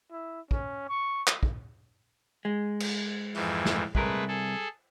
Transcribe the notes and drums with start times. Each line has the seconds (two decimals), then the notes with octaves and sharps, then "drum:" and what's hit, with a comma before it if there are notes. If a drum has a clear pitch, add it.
0.12 E4
0.51 C#4, drum: kick
0.89 C#6
1.27 drum: clap
1.43 drum: kick
2.45 G#3
2.80 drum: cymbal
3.35 F2 G#2 E3, drum: open hi-hat
3.65 drum: snare
3.95 C2 G#3 A3 A#4 B4, drum: kick
4.28 G#4 A4